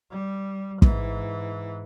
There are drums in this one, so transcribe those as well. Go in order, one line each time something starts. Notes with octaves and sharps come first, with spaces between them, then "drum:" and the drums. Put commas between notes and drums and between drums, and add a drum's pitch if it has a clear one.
G3
G#2 E3, drum: kick